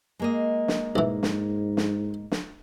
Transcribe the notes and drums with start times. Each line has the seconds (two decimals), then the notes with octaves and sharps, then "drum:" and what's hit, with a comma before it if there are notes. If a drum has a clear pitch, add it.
0.19 G#3 A#3 D#5
0.68 drum: snare
0.96 B1 G#2 E3
1.23 drum: snare
1.77 drum: snare
2.32 drum: snare